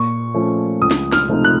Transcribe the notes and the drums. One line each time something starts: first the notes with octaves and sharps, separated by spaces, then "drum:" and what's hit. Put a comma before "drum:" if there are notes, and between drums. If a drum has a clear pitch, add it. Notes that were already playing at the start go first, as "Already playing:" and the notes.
Already playing: A#2 C#6
F3 A3 C#4
C#2 D#6
drum: snare
F6, drum: snare
C3 F3 A3 D#4
F#6